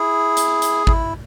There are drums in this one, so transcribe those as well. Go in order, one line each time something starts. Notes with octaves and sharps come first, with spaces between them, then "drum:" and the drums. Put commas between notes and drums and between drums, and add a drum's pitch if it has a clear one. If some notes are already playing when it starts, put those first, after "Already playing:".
Already playing: E4 G#4
drum: hi-hat
drum: hi-hat
E4, drum: kick G#1